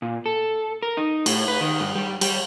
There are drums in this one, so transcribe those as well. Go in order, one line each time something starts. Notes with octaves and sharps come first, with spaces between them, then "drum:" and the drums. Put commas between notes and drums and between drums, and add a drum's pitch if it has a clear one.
A#2
A4
A#4
D#4
A2, drum: cymbal
B4
D#3
G2
G3
G3, drum: cymbal